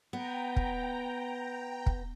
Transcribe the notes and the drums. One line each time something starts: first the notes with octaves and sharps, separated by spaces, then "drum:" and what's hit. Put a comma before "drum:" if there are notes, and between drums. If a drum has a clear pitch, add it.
B3 G5 A#5
drum: kick
drum: kick